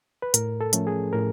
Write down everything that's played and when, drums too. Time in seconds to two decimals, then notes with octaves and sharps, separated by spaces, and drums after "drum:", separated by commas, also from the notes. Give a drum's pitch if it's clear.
0.22 B4
0.34 A2 A#4, drum: hi-hat
0.61 A4
0.73 F3 A3 C#4, drum: hi-hat
0.87 G#4
1.13 A2 A#4